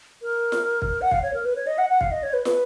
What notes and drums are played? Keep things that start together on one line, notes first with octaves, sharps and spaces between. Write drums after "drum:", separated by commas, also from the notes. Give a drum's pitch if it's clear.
A#4
drum: snare
drum: kick B1
F#5
F5, drum: kick B1
C#5
A#4
B4
C#5
D#5
F#5
F#5
F5, drum: kick B1
D#5
C#5
B4
B4, drum: snare